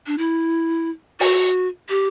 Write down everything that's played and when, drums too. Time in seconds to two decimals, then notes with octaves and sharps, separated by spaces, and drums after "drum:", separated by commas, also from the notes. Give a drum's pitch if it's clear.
0.07 D4
0.18 E4
1.20 F#4, drum: open hi-hat
1.89 G4